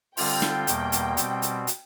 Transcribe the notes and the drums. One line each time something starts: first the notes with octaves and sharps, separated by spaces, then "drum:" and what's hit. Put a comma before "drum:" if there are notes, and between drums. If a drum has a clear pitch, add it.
D3 G3 C4 F4 G5, drum: open hi-hat
drum: snare
E2 B2 G3 A#3, drum: hi-hat
drum: hi-hat
B2 G3 C4, drum: hi-hat
drum: hi-hat
drum: hi-hat